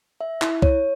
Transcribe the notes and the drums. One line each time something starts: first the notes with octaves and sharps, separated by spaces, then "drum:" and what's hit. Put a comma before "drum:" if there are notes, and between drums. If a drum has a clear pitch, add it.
E5
E4, drum: clap
C#5, drum: kick C2